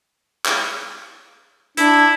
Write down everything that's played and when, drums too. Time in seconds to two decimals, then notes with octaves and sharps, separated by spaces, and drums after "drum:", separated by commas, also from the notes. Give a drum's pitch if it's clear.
0.46 drum: clap
1.77 D4 E4, drum: hi-hat